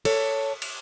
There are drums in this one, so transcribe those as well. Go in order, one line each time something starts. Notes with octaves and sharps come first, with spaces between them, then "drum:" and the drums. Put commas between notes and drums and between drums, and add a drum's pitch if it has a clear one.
A4 C#5, drum: cymbal
drum: cymbal